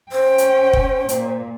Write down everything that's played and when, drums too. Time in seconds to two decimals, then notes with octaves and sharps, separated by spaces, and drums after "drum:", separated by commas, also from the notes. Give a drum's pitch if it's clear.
0.12 C#4 C5 G5
0.38 drum: hi-hat
0.73 drum: kick
1.09 A#2, drum: hi-hat